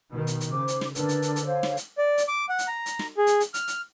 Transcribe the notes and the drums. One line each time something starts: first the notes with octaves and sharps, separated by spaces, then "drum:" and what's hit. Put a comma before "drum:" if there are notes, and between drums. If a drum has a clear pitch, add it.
B2 D#3
drum: hi-hat
drum: hi-hat
C#3 C5 D6
drum: hi-hat
drum: snare
D3 D4 A#4 B4, drum: hi-hat
drum: hi-hat
drum: hi-hat
drum: hi-hat
C5 C#5 F5
drum: snare
drum: hi-hat
D5
drum: hi-hat
D6
F#5
drum: hi-hat
A#5
drum: hi-hat
drum: snare
G#4
drum: hi-hat
drum: hi-hat
F6, drum: hi-hat
drum: hi-hat